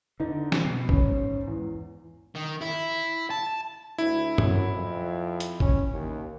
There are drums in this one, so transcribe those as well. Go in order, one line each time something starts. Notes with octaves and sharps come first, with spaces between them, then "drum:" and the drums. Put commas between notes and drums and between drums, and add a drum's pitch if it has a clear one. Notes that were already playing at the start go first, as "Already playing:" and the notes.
D3 D#4
drum: snare
B2 B5 C7
C#4, drum: kick A1
G#2
E2
D#3
E4
A5
D2 E4
F#2, drum: tom
F2
drum: hi-hat
C#4, drum: kick A1
D#2